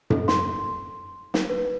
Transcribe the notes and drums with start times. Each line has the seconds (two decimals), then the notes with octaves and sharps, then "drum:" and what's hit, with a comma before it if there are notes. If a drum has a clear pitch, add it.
0.10 A4, drum: tom F#2
0.28 C6, drum: snare
1.34 drum: snare
1.50 B4